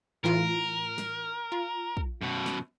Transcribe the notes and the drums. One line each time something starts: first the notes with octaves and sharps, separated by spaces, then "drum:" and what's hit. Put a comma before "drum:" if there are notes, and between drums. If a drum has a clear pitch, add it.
A2 E3 F4 A#4
drum: snare
F4
drum: kick
F#2 B2
drum: snare